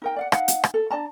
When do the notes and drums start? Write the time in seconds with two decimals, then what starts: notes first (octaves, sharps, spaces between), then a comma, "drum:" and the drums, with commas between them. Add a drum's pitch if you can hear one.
0.02 D#4 A#4 G5
0.16 D5 F5 F#5
0.32 D#4 F5 F#5, drum: rim click
0.48 drum: hi-hat
0.64 drum: rim click
0.74 A4
0.90 D4 D5 A5 A#5